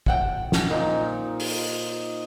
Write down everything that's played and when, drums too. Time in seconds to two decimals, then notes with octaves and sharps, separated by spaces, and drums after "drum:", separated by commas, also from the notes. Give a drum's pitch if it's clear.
0.06 A4 F#5 G5, drum: kick
0.52 drum: snare
0.70 A#2 D#4 C5
1.40 drum: open hi-hat